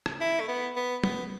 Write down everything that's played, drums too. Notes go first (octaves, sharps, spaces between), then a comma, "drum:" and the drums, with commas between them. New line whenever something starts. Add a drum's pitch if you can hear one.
drum: rim click
E4
A3
B3
B3
B3, drum: tom